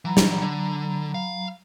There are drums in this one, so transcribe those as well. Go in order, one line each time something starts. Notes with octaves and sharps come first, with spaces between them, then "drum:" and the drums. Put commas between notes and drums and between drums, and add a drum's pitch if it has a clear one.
E3 F#3 A#5 B5
drum: snare
D3
F5